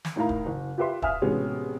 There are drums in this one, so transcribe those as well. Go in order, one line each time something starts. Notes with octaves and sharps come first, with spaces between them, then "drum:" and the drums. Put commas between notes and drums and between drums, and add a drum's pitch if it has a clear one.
drum: snare
A2 D#4 E4 A#4 F5 A#5
drum: kick
F#1
F4 G4 B4 E5 C6
E5 F5 G#5 D#6 F6, drum: kick
A1 C3 G#3 B3 C#4 F#4